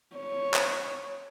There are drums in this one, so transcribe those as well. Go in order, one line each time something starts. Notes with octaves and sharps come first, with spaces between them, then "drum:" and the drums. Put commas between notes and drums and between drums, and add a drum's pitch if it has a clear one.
C#5
drum: clap